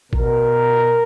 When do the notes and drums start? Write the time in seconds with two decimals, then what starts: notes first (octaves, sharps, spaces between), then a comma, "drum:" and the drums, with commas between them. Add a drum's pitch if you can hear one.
0.13 B2 A#4, drum: kick A1